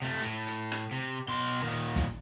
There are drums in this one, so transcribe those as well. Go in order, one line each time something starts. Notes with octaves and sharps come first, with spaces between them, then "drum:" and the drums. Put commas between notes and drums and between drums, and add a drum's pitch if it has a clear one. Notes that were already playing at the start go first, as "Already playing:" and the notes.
C3 A3
A2, drum: hi-hat
drum: hi-hat
drum: rim click
C3
B2 C6
drum: hi-hat
A#2 D#3
drum: hi-hat
drum: kick, hi-hat